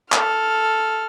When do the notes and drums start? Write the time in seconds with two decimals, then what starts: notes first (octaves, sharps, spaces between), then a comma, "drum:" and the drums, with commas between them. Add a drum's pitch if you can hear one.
0.12 A4 F6, drum: clap